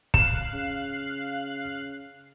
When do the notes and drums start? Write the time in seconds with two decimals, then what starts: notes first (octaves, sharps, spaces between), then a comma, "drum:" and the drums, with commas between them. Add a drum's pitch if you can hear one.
0.14 F5 F#6 C7 E7, drum: kick
0.53 C#3